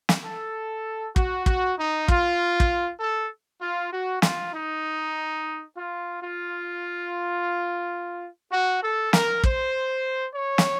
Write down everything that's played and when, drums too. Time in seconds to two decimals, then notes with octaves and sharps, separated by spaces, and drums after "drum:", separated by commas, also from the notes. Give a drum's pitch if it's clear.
0.09 drum: snare
0.25 A4
1.16 F#4, drum: kick
1.46 F#4, drum: kick
1.78 D#4
2.08 F4, drum: kick
2.60 drum: kick
3.00 A4
3.61 F4
3.92 F#4
4.22 F4, drum: snare
4.53 D#4
5.76 F4
6.22 F4
8.52 F#4
8.82 A4
9.13 A#4, drum: snare
9.43 C5, drum: kick
10.35 C#5
10.58 drum: snare